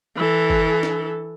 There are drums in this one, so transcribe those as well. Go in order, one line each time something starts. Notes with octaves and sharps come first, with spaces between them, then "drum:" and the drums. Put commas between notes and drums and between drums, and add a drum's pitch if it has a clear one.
E3 A4
drum: kick F#1
drum: snare